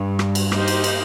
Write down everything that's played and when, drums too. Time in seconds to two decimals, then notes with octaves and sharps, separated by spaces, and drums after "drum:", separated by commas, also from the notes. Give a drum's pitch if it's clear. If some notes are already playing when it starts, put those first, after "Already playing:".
Already playing: G2
0.19 drum: rim click
0.35 drum: cymbal
0.52 A#3 D#4 G4 C5 D#5, drum: rim click
0.68 drum: cymbal
0.84 drum: cymbal